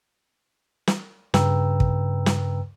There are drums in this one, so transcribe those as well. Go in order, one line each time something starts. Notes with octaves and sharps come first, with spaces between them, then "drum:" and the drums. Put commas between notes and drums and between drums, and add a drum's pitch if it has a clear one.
drum: snare
G2 C#3 B4 G5 A#5 E6, drum: snare
drum: kick
drum: snare